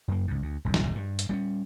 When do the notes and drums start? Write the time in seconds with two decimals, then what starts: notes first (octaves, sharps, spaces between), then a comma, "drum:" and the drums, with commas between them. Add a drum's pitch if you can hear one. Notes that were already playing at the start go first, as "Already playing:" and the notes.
0.08 F#2 A#3
0.28 C#2 G#2
0.42 D2
0.65 D#1 C2 G2
0.74 drum: snare
0.95 G2
1.19 drum: hi-hat
1.29 G3 B3 C#4